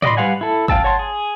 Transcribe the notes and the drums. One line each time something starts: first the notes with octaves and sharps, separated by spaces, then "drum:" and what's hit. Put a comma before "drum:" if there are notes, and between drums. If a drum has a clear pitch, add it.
D5 D#5 F5 B5 C6, drum: tom
G3 B4 F5 F#5 G#5
E4 A4
F5 G5 A5 E6, drum: kick
C#5 F#5 A5 C6
G#4